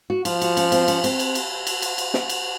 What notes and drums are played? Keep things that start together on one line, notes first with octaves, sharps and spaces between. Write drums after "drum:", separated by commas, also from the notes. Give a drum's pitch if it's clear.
F#4
F3 F4, drum: cymbal
F#4, drum: cymbal
C#4, drum: cymbal
C4, drum: cymbal
C#4, drum: cymbal
C4, drum: cymbal
drum: cymbal
drum: cymbal
drum: cymbal
drum: cymbal
drum: cymbal
drum: snare
drum: cymbal